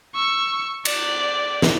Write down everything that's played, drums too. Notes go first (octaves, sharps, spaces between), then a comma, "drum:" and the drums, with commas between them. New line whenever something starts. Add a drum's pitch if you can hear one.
C#6 E6
D5, drum: cymbal
drum: snare